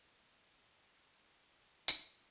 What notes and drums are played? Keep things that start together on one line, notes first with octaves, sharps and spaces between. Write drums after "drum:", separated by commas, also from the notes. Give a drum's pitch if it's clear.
C2 A2
drum: tambourine